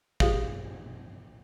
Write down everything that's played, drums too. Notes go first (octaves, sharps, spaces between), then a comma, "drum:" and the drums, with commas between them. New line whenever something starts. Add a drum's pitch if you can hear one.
F4 G4 G#4 F5, drum: kick